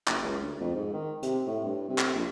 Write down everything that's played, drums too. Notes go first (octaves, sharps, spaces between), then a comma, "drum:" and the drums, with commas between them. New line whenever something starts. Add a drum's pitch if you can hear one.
F#1, drum: clap
C#2
D2
F2
G#2
D#3
C3, drum: hi-hat
A2
G2
C3
drum: clap
A#1